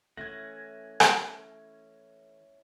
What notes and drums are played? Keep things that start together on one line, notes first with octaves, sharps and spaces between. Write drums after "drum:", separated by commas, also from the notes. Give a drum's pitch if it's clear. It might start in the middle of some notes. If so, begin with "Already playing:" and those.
E3 A3 C#4 E4 F#5 G#6 A#6
drum: rim click